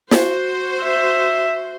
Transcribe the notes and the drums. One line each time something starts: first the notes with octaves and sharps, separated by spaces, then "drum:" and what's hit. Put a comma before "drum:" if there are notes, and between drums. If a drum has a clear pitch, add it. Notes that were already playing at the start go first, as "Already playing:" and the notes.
F#4 C5, drum: snare
E5